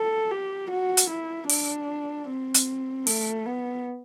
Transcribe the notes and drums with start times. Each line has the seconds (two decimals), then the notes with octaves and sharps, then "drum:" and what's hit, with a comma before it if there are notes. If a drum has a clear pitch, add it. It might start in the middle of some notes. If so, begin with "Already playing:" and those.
Already playing: A4
0.31 G4
0.71 F#4
0.97 drum: hi-hat
1.10 E4
1.49 D4, drum: open hi-hat
2.28 C4
2.54 drum: hi-hat
3.07 A3, drum: open hi-hat
3.46 B3